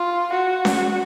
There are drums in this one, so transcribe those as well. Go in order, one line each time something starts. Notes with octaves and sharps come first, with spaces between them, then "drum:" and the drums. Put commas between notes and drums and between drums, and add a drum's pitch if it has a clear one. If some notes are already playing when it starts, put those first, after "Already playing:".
Already playing: F4
F#4
drum: snare C#4